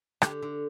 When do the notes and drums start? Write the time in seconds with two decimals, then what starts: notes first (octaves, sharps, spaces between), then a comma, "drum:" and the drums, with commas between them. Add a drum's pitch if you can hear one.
0.22 D3 G4, drum: rim click
0.42 D3